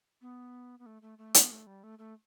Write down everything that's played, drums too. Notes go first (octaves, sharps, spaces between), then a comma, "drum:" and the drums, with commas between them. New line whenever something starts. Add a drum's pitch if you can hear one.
B3
B3
A3
A3
A3
B3, drum: hi-hat
A3
G3
A3
A3